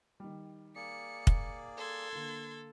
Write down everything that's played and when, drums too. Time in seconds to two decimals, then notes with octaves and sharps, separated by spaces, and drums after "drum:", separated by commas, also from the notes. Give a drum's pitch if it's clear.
0.20 D#3 G3
0.76 A#3 G#4 D5 C#7
1.27 drum: kick
1.77 A4 C6 G#6
2.13 D3 A#3